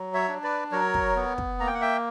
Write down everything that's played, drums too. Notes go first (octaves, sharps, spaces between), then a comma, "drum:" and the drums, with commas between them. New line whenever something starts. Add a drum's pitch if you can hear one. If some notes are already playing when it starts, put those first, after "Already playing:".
Already playing: F#3
C#5 E5
D4
B4 D5
F#3 A#4 C#5
drum: kick
B3
drum: kick
A#3 A#5
G5
F#5
E5 G5